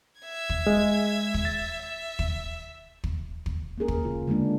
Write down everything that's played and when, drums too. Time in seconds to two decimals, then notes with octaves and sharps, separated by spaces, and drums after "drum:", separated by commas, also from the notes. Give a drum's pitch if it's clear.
0.21 E5 G#6
0.50 drum: kick
0.67 G#3
1.34 drum: kick
1.45 A6
1.83 E5
2.19 drum: kick
3.04 drum: kick
3.46 drum: kick
3.78 A#3 C#4 G#4 A#4
3.88 drum: kick
4.05 C#3 F4
4.27 D3 G#3 A#3 D4